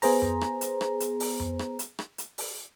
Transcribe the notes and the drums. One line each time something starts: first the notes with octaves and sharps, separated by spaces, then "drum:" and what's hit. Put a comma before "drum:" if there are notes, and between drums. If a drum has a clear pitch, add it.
B3 G#4 C5 A#5, drum: open hi-hat
drum: tom F2
drum: rim click
drum: hi-hat
drum: rim click
drum: hi-hat
drum: open hi-hat
drum: tom F2
drum: rim click
drum: hi-hat
drum: rim click
drum: hi-hat
drum: open hi-hat